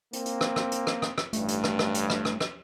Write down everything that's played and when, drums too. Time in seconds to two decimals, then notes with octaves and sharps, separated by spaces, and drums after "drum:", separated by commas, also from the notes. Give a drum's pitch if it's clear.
0.13 A#3 C4, drum: hi-hat
0.25 drum: hi-hat
0.41 drum: rim click
0.56 drum: rim click
0.72 drum: hi-hat
0.87 drum: rim click
1.02 drum: rim click
1.18 drum: rim click
1.33 A1 G2 A3, drum: hi-hat
1.48 drum: hi-hat
1.64 drum: rim click
1.79 drum: rim click
1.94 drum: hi-hat
2.10 drum: rim click
2.25 drum: rim click
2.40 drum: rim click